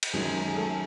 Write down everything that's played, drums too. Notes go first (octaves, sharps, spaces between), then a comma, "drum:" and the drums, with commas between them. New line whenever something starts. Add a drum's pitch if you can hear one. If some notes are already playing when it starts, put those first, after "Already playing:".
drum: cymbal
F#2 D#3 F#3 G#3 G#4
G#4
A3 A4